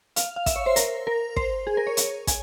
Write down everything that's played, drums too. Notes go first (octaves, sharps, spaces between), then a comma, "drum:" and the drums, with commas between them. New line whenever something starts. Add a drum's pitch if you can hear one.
F5, drum: hi-hat
F5
E5, drum: kick, hi-hat
C#5
C5
A#4, drum: hi-hat
A#4
C5, drum: kick
G#4
A#4
C#5
drum: hi-hat
G#5, drum: kick, hi-hat